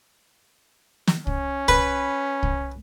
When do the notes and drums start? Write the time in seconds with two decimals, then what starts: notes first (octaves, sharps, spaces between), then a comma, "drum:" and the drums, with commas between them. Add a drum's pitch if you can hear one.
1.07 drum: snare
1.27 C#4, drum: kick C2
1.68 B4, drum: kick C2
2.43 drum: kick C2